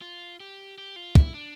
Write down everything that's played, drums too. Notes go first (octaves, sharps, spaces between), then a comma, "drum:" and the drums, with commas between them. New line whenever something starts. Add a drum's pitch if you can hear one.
F4
G4
G4
F4
E4, drum: kick
D4